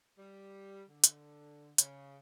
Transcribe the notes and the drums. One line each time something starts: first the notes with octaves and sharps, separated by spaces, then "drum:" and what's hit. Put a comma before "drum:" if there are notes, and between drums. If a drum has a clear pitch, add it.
G3
D3
drum: hi-hat
C#3, drum: hi-hat